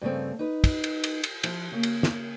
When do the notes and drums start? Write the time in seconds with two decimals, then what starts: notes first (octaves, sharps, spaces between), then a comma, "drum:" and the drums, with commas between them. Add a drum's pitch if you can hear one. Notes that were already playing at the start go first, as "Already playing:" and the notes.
0.01 G2 C#3 A3 C4
0.39 D#4 B4
0.64 drum: kick, cymbal
0.84 drum: cymbal
1.04 drum: cymbal
1.24 drum: cymbal
1.43 F3 E4, drum: cymbal
1.71 C#3 A#3
1.83 drum: cymbal
2.03 drum: snare